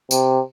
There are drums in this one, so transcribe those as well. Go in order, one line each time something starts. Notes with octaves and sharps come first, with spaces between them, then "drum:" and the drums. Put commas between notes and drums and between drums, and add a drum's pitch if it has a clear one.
C3, drum: tambourine